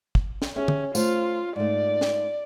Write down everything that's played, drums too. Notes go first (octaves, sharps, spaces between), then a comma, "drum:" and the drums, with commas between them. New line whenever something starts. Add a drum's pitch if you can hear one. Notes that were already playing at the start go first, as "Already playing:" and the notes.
drum: kick
drum: snare
C#4 G4 G#4 E5
drum: tom
A3 F4 C5 F5, drum: tambourine
G#2 A3 D5
drum: snare